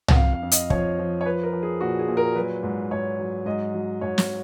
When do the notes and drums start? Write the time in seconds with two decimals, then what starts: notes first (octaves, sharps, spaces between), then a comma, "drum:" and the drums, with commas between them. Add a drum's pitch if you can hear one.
0.08 F#5, drum: tom
0.15 F2 F5
0.33 F5
0.42 F2
0.51 D#5, drum: hi-hat
0.70 F3 C#5, drum: kick
0.99 F3
1.21 C#5
1.26 F3 B4
1.43 A#4
1.53 F3
1.62 G#4
1.81 A#2 F#4
1.99 G#4
2.08 A#2
2.17 A#4
2.35 F#3 B4
2.63 G#2
2.91 G#2 C#5
3.19 F#3
3.46 G#2 D#5
3.74 F#3
4.01 G#2 C#5
4.18 drum: snare